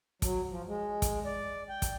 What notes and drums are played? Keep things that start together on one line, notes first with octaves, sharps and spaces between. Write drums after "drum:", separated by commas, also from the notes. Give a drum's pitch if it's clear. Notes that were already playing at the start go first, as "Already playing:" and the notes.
F#3, drum: kick, hi-hat
F3
G#3
drum: kick, hi-hat
D5
G5
drum: kick, hi-hat